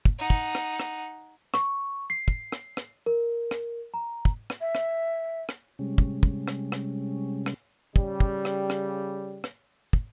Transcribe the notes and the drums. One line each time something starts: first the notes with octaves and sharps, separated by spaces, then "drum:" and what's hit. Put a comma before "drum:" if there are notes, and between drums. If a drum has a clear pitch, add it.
drum: kick
D#4 F#5
drum: kick
drum: rim click
drum: rim click
C#6, drum: rim click
C7
drum: kick
drum: rim click
drum: rim click
A#4
drum: rim click
A#5
drum: kick
drum: rim click
E5
drum: rim click
drum: rim click
C3 G3 G#3 C#4
drum: kick
drum: kick
drum: rim click
drum: rim click
drum: rim click
C#3 G3, drum: kick
drum: kick
drum: rim click
drum: rim click
drum: rim click
drum: kick